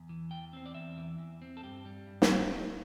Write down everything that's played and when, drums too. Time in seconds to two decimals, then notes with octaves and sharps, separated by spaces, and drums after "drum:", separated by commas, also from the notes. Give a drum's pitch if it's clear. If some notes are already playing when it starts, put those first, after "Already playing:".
Already playing: E2
0.09 E3
0.31 E2 G5
0.53 C4 C5
0.66 D5
0.74 E2 E5
0.98 E3
1.18 E2
1.42 C4
1.57 A4
1.63 G2 G4
1.85 G3
2.07 G2
2.22 drum: snare